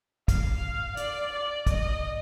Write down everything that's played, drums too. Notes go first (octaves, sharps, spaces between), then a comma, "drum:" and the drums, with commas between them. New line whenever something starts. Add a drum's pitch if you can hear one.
F5, drum: kick, hi-hat
D5, drum: hi-hat
D5
D#5, drum: kick, hi-hat